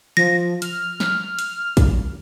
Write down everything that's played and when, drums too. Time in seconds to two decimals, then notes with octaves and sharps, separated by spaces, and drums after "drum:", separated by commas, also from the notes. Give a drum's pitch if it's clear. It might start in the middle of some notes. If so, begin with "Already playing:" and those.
0.17 F3 A#6
0.62 F6, drum: hi-hat
1.00 drum: snare
1.39 drum: hi-hat
1.77 drum: kick, hi-hat